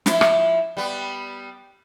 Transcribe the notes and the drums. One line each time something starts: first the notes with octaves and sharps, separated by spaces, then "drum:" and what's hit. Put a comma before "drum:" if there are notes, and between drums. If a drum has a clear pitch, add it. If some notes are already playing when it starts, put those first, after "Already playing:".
F3 E4, drum: snare
drum: rim click
G3 B3